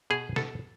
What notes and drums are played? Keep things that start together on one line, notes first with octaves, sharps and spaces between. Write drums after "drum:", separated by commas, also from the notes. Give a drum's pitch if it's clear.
B2 G#4
B2 A4, drum: snare